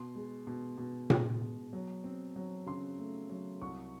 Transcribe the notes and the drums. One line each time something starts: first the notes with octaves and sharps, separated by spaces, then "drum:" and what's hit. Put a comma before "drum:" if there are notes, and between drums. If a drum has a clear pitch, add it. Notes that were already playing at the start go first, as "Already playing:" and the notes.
Already playing: B2 C6
G#3
B2
B2
G#3, drum: tom A#2
B2
F#3
C4
F#3
C#3 C6
A3
F#3
C2 C#6